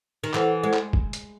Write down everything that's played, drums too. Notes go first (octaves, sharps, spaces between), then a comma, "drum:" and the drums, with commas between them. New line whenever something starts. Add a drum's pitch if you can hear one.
D#3
E3 E4 A4 C5 F#5, drum: clap
G#3
drum: clap
drum: kick
drum: hi-hat